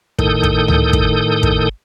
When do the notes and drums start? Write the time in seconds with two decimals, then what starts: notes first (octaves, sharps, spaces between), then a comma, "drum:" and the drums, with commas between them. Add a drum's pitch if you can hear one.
0.19 A2 D#3 A4 D#6 G6, drum: kick
0.43 drum: kick
0.68 drum: tom C#2
0.93 drum: kick
1.43 drum: kick